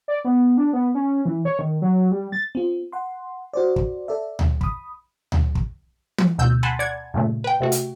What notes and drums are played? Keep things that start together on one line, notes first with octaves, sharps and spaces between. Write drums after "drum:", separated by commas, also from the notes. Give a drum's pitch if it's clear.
D5
B3
D4
B3
C#4
E3
C#5
D#3
F#3
G3
A6
C4 F4
F#5 C6
F#4 C5 D5
drum: kick
A4 D5 E5
drum: tom D2
B5 D#6, drum: kick
drum: tom D2
drum: kick
drum: tom
D2 B2 E6 G6
F#5 G#5 A5 B5 C6
D5 F#5 G#6
G2 A#2 C#3 A3
B4 G5
C3 A3 F#4
drum: hi-hat